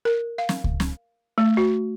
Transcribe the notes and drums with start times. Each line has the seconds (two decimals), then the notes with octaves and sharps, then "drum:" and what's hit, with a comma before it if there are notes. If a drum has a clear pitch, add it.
0.05 A#4
0.38 F5
0.49 drum: snare
0.64 drum: kick C#2
0.80 drum: snare
1.38 A3
1.57 F#4